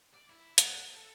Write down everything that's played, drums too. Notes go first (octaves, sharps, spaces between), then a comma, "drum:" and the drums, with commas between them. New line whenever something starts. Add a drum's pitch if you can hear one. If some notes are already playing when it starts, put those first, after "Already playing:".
D5
E4
F#5, drum: hi-hat
A4